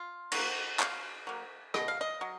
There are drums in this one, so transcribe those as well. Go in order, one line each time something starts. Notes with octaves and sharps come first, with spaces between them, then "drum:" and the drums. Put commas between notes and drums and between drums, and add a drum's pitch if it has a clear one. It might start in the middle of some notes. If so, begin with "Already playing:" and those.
Already playing: F4
F#3 A#3 F#4, drum: cymbal
B2 F5, drum: clap
F#3 A#3
B2 D#5, drum: rim click
F5
D#5
F#3